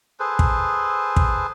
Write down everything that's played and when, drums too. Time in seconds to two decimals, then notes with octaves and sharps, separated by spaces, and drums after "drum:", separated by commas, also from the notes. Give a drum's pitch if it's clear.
0.20 G#4 A4 B4 C5
0.39 drum: kick
1.16 drum: kick